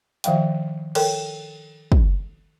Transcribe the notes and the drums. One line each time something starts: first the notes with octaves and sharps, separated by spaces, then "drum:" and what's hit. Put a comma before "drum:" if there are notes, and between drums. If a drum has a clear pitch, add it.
D#3 F3 E5 F5 G5, drum: hi-hat
A4 A#4 C#5 G5, drum: cymbal
drum: kick